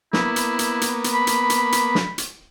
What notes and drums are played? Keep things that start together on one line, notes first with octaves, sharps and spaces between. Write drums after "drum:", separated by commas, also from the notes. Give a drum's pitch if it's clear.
A#3 B3 E4, drum: snare
drum: hi-hat
drum: hi-hat
drum: hi-hat
drum: hi-hat
B5
drum: hi-hat
drum: hi-hat
drum: hi-hat
drum: snare
drum: hi-hat